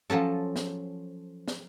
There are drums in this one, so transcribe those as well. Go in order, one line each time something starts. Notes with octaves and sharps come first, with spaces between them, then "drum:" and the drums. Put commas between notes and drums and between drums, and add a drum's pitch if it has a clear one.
F3 F#3 C#4 A4
drum: snare
drum: snare